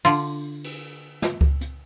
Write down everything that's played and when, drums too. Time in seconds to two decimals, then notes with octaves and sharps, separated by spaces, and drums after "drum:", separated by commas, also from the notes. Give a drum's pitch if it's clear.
0.05 D3 F4, drum: open hi-hat
0.64 drum: cymbal
1.22 drum: snare
1.41 drum: kick C#2
1.61 drum: hi-hat